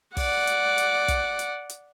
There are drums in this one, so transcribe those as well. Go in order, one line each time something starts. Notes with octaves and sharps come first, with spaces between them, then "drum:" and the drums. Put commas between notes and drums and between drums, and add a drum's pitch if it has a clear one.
D5 F#5, drum: kick, open hi-hat
drum: hi-hat
drum: hi-hat
drum: kick, hi-hat
drum: hi-hat
drum: hi-hat